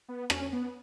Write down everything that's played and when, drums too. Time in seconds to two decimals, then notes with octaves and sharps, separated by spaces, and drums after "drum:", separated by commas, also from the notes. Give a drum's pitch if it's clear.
0.09 B3
0.30 C#4, drum: rim click
0.53 B3